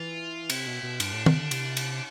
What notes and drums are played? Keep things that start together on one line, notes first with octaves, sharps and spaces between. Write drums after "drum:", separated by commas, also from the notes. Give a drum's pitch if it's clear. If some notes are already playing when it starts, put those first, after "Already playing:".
Already playing: E3 F4
C3 E4, drum: cymbal
B2
B2
G2 D4, drum: cymbal
A2
C3, drum: tom
D3
C3, drum: cymbal
drum: cymbal